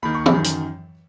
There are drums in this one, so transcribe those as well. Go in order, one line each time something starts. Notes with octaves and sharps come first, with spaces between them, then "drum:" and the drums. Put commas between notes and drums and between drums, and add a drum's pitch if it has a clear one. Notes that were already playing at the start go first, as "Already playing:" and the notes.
D#2 D#3 B5
C#6
B5, drum: tom
F#2 D#3
drum: hi-hat